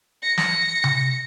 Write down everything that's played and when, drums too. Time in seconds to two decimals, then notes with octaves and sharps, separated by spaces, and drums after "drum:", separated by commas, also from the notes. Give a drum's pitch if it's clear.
0.22 A#6 C#7
0.38 drum: snare
0.84 drum: tom C3